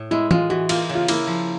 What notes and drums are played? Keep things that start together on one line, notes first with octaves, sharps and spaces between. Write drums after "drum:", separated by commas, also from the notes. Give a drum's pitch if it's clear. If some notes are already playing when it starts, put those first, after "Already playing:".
Already playing: A2
G#3 E4
G#3 F4, drum: tom
E3 F#4
A#3 F4, drum: cymbal
C#3
F4
A#3 E4, drum: cymbal
F3